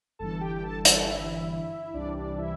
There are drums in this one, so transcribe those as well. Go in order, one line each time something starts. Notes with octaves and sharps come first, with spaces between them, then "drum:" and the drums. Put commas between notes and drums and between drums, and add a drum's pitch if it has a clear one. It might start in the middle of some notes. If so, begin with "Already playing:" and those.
G1 G2 E3 A4 A5
G4 G5
G5
A4 A5
A4 A5, drum: hi-hat
E4 E5
C2 C3 E3 G3 D4 D5
D4 D5
E4 E5